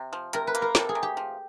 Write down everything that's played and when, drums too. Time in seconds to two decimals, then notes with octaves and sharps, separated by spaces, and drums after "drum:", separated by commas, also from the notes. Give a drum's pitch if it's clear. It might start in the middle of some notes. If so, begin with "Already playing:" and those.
Already playing: C3
0.13 F3
0.33 C3 A#4, drum: hi-hat
0.47 B4
0.55 A#3, drum: hi-hat
0.62 A#4
0.75 C3 A4, drum: snare
0.89 G#4
0.95 C3
1.03 G4
1.17 F3